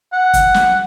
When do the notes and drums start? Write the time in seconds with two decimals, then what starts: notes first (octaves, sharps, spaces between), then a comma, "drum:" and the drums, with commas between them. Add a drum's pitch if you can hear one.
0.13 F#5
0.33 drum: kick, hi-hat
0.54 drum: snare